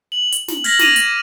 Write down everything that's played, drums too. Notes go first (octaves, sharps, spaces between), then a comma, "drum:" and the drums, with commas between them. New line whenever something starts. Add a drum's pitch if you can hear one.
F#7
drum: hi-hat
drum: snare
F6 G#6 A#6 B6 F#7, drum: open hi-hat
D6 G#6 A#6 D#7 F7 F#7, drum: snare
drum: hi-hat